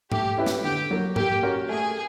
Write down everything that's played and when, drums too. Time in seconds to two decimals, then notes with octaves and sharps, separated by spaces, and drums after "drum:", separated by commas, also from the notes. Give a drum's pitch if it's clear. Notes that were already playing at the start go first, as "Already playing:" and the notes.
0.12 A3 G4, drum: tom G#2
0.37 C#4 E4 G4 B4
0.46 drum: snare
0.64 D3 G4
0.91 F#3 A#3
1.16 A#3 G4, drum: tom G#2
1.43 C#4 F#4 A#4
1.69 A3 G#4